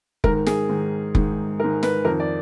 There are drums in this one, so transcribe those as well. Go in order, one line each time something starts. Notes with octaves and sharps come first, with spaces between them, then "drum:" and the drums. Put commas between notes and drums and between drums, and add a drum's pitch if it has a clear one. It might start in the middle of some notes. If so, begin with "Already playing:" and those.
G#2 D#3 A#4, drum: kick F1
G#4, drum: snare
G#2 D#3
G#2 D#3, drum: kick F1
G#2 D#3 A#4
B4, drum: snare
F2 D#3 A#4
D5